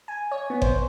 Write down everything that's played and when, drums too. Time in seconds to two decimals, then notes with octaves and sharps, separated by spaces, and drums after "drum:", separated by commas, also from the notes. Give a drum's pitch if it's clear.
0.08 G#5
0.31 C#5
0.50 B3
0.62 C5, drum: kick G1